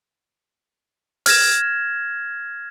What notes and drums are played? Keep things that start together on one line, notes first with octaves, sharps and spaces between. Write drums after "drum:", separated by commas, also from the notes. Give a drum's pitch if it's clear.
F6 G#6 A#6 E7, drum: open hi-hat